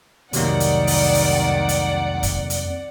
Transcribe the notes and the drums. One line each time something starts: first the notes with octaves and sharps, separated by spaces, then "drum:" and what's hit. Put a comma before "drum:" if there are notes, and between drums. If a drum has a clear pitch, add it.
C2 F2 C3 D#3 F#3 A#3 D5 F#5, drum: hi-hat
drum: hi-hat
drum: open hi-hat
drum: open hi-hat
drum: hi-hat
drum: kick, hi-hat
drum: hi-hat